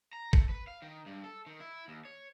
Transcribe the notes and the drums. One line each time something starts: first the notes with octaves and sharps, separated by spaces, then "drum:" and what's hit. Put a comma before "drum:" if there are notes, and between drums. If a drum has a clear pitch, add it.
A#5
A3, drum: kick
B4
F5
D#3
G2
A4
D#3
E4
D#2
C#5